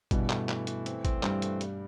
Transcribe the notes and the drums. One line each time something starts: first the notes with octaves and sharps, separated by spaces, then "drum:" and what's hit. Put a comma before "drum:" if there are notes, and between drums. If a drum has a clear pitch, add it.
G2 B2 E3, drum: kick A1, hi-hat
A3, drum: clap
E3, drum: clap
E3, drum: hi-hat
C4, drum: hi-hat
C4, drum: kick A1, hi-hat
G2 C4, drum: clap
A3, drum: hi-hat
G3, drum: hi-hat